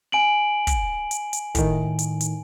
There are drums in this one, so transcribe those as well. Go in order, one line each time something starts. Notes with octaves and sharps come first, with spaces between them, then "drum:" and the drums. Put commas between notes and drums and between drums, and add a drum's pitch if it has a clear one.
G#5 D7 F#7
drum: kick, hi-hat
drum: hi-hat
drum: hi-hat
A2 D#3, drum: kick, hi-hat
drum: hi-hat
drum: hi-hat